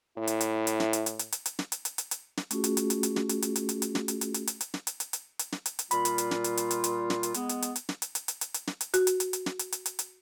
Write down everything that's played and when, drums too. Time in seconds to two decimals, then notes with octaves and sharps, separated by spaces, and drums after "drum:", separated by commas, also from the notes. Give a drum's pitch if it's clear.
0.18 A2 E4
0.27 drum: hi-hat
0.41 drum: hi-hat
0.67 drum: hi-hat
0.80 drum: snare
0.93 drum: hi-hat
1.06 drum: hi-hat
1.19 drum: hi-hat
1.32 drum: hi-hat
1.46 drum: hi-hat
1.59 drum: snare
1.72 drum: hi-hat
1.85 drum: hi-hat
1.98 drum: hi-hat
2.11 drum: hi-hat
2.37 drum: snare
2.51 A3 C#4 F4 F#4 G#4, drum: hi-hat
2.64 drum: hi-hat
2.77 drum: hi-hat
2.90 drum: hi-hat
3.03 drum: hi-hat
3.16 drum: snare
3.29 drum: hi-hat
3.42 drum: hi-hat
3.56 drum: hi-hat
3.69 drum: hi-hat
3.82 drum: hi-hat
3.95 drum: snare
4.08 drum: hi-hat
4.21 drum: hi-hat
4.34 drum: hi-hat
4.47 drum: hi-hat
4.61 drum: hi-hat
4.74 drum: snare
4.87 drum: hi-hat
5.00 drum: hi-hat
5.13 drum: hi-hat
5.39 drum: hi-hat
5.52 drum: snare
5.66 drum: hi-hat
5.79 drum: hi-hat
5.91 A#2 G3 F4 B5, drum: hi-hat
6.05 drum: hi-hat
6.18 drum: hi-hat
6.31 drum: snare
6.44 drum: hi-hat
6.57 drum: hi-hat
6.71 drum: hi-hat
6.84 drum: hi-hat
7.10 drum: snare
7.23 drum: hi-hat
7.34 G#3 B3, drum: hi-hat
7.49 drum: hi-hat
7.62 drum: hi-hat
7.76 drum: hi-hat
7.89 drum: snare
8.02 drum: hi-hat
8.15 drum: hi-hat
8.28 drum: hi-hat
8.41 drum: hi-hat
8.54 drum: hi-hat
8.67 drum: snare
8.81 drum: hi-hat
8.94 F#4, drum: hi-hat
9.07 drum: hi-hat
9.20 drum: hi-hat
9.33 drum: hi-hat
9.46 drum: snare
9.59 drum: hi-hat
9.72 drum: hi-hat
9.86 drum: hi-hat
9.99 drum: hi-hat